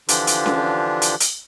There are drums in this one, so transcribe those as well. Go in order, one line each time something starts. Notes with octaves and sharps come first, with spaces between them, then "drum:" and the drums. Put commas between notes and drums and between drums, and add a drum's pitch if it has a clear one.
D3 E3 F3 D4 F4 G4, drum: hi-hat
drum: hi-hat
drum: snare C#4
drum: hi-hat
drum: hi-hat